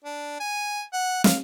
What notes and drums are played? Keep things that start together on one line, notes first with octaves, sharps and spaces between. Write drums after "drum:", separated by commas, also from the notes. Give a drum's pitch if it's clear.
D4
G#5
F#5
F5, drum: snare